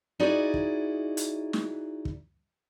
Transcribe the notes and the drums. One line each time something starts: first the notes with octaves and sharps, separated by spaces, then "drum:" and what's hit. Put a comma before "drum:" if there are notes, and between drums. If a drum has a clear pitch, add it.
D#4 E4 F#4 G#4 D5
drum: kick
drum: hi-hat
drum: snare
drum: kick